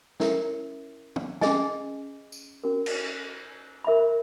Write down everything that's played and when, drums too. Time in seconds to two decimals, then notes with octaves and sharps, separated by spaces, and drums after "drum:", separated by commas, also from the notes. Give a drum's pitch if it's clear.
0.20 C#4 E4 A#4 C#5 E5, drum: snare
1.16 drum: tom
1.41 C#4 G#4 D#5 G#5, drum: snare
2.32 drum: tambourine
2.64 C#4 F#4 A#4
2.86 drum: cymbal
3.84 A#4 E5 B5